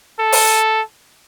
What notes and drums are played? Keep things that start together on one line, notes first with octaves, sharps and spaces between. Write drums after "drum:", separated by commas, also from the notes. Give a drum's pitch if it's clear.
A4
drum: open hi-hat